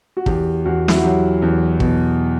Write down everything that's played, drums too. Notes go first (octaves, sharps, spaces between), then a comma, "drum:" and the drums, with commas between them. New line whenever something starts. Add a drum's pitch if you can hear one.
F#4
E2 G4, drum: kick
E2 F#4
E4, drum: snare
F#4
F#3 G4
E2
B2, drum: kick